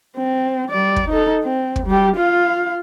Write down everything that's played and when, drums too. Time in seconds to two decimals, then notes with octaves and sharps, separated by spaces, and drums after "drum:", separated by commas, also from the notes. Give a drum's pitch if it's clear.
0.17 C4
0.70 G3 D5
0.96 drum: kick
1.09 D#4 A4
1.43 C4
1.76 drum: kick
1.87 G3 G4
2.16 F4 F5